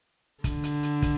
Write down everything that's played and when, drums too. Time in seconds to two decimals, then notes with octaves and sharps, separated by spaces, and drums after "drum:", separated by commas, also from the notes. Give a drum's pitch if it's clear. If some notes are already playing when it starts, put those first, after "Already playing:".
0.44 D3, drum: kick, hi-hat
0.64 drum: hi-hat
0.83 drum: hi-hat
1.02 drum: kick, hi-hat